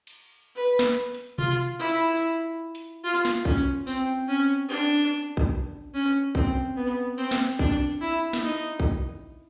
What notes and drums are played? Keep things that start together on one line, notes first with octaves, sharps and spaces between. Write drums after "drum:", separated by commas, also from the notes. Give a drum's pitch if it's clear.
drum: cymbal
B4
drum: snare
drum: hi-hat
F4, drum: tom B2
E4
drum: hi-hat
drum: hi-hat
F4
drum: snare
C#4, drum: kick A#1
C4, drum: tambourine
C#4
D4
drum: kick A#1
C#4
C4, drum: kick A#1
B3
C4, drum: cymbal
drum: snare
D4, drum: kick A#1
E4
drum: snare
D#4
drum: kick A#1